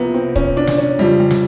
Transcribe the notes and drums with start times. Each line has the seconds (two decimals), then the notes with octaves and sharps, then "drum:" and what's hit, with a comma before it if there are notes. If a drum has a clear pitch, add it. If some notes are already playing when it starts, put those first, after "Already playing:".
Already playing: C2 C3 F3 A#3 B3
0.14 C4
0.36 C#4, drum: kick
0.57 D4
0.67 drum: snare
0.78 C#4
0.99 F2 C#3 F3 G3
1.20 G3
1.31 drum: snare